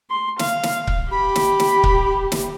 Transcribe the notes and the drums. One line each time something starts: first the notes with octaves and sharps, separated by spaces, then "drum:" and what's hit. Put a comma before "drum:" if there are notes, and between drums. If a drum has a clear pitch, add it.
C6
F5, drum: snare
drum: snare
drum: kick C#1
G4 B5
drum: snare
drum: snare
drum: kick C#1
drum: snare